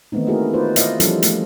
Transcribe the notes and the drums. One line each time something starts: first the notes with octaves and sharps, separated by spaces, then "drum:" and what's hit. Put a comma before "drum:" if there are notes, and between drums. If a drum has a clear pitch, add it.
D#3 E3 A3 B3 C4 D#4
A3 A#3 E4 F#4 G#4 A#4
D#4 F4 B4 C5 D5
E4 D5 D#5 F5, drum: hi-hat
E3 F3 G3 C#4 A4, drum: hi-hat
A3, drum: hi-hat